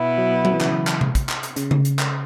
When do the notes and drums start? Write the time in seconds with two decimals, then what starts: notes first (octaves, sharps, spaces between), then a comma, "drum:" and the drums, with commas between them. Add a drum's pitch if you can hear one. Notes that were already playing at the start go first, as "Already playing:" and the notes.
Already playing: B2 B3 E4
0.18 F#3
0.45 F#3, drum: tom F#3
0.53 E3
0.61 C#3, drum: clap
0.69 E3
0.87 drum: clap
1.01 drum: tom C3
1.15 drum: kick, hi-hat
1.29 drum: clap
1.43 drum: hi-hat
1.56 C#3, drum: hi-hat
1.71 drum: tom C#3
1.85 drum: hi-hat
1.99 drum: clap